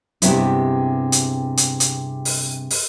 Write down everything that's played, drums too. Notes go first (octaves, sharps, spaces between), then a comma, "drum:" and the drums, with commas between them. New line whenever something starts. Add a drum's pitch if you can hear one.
G2 C3 G#3 B3 C4 E4, drum: hi-hat
drum: hi-hat
drum: hi-hat
drum: hi-hat
drum: open hi-hat
drum: open hi-hat